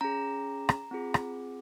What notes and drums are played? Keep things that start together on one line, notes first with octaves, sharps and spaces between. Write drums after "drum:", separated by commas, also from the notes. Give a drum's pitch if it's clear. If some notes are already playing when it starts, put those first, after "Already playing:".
C#4 G#4 A#5
drum: rim click
C4 F4 G#4
drum: rim click